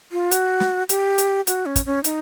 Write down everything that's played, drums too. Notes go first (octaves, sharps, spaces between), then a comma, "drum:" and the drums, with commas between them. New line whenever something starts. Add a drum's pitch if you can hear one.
F4
F#4, drum: hi-hat
drum: snare
G4, drum: hi-hat
drum: hi-hat
F#4, drum: hi-hat
C#4
drum: kick, hi-hat
C#4
D#4, drum: hi-hat